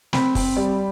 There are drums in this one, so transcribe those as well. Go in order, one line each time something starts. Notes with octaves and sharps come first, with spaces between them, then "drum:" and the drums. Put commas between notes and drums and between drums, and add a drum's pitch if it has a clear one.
C4 B5, drum: snare
C4, drum: kick, open hi-hat
G3